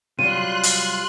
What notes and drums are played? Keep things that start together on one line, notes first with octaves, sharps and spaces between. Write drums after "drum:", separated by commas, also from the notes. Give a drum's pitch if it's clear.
C3 F#3 G3 F4 C6 F#6 D#7
drum: hi-hat